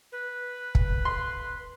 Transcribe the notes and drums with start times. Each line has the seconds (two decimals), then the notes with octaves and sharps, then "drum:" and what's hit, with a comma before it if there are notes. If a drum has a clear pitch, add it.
0.12 B4
0.75 drum: kick
1.05 C6